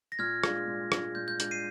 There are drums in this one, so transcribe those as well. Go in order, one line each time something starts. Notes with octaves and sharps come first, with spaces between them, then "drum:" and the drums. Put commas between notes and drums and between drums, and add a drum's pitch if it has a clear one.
A#6
A#2 F6 G#6
G#3 D4 F4, drum: rim click
A#2
G#3 D4 F4, drum: rim click
A#2 G6
G6
G#3 D4 F4 G6, drum: hi-hat
C7 D#7